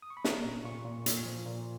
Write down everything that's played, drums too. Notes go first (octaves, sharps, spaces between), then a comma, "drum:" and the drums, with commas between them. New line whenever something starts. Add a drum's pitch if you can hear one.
D#6
C#6
B5
C#4 A#5, drum: snare
A#2
A#2 C#6
A#2
A#2, drum: hi-hat
F3
A#2